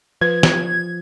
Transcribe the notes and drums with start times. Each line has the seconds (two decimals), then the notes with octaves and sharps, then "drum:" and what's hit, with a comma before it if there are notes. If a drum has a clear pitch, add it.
0.21 F3 B4 G#6
0.43 drum: snare